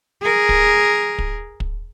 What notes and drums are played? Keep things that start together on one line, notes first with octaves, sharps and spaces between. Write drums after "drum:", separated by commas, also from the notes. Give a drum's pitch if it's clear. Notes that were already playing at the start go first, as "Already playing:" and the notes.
G#4 A#4
drum: kick
drum: kick
drum: kick